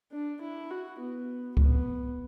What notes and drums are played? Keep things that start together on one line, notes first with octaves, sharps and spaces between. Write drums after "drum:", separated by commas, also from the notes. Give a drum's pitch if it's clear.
D4
E4
F#4
B3
B3, drum: kick C#2